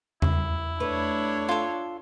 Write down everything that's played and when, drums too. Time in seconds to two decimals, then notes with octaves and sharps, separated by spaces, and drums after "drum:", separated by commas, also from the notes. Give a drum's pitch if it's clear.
0.22 E4, drum: tom E2
0.80 A3 D4 B4 C#5
1.49 F4 A4